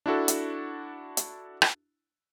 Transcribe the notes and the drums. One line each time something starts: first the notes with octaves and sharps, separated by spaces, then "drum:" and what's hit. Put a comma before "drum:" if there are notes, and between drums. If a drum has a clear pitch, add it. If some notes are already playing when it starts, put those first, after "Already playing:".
D4 E4 F#4 A4
drum: hi-hat
drum: hi-hat
drum: rim click